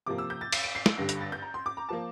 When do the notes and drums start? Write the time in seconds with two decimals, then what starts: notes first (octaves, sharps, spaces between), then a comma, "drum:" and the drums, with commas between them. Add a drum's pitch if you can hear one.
0.06 C3 F3 A#3 D6
0.18 E6
0.30 G6
0.41 A6
0.52 C7, drum: cymbal
0.64 D7
0.75 C7
0.86 D7, drum: snare
0.97 G2 D3 G3 A#6
1.09 A#6, drum: hi-hat
1.21 A6
1.32 G6
1.42 A#5
1.54 C6
1.66 D6
1.77 A#5
1.89 F3 A#3 A5